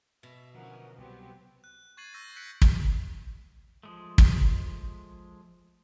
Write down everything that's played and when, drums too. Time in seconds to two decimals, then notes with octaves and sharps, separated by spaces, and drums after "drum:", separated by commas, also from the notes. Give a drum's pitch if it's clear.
0.23 B2 E5
0.55 D3 E3 F3 C#4 A#4 F#5
0.98 C2 F#3 B3 C4 G4
1.64 F#6
1.97 C#6 G#6 A6 C7 D#7 F#7
2.14 C#6 E6 G6 A#6
2.36 F#6 G6 B6 C#7 D7 F#7
2.62 drum: kick
3.83 F3 G#3 A3
4.18 drum: kick